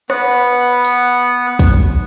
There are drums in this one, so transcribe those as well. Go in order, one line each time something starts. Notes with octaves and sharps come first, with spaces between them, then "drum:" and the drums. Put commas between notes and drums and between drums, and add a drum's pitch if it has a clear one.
B3 B4 F#5, drum: rim click
drum: hi-hat
drum: kick, hi-hat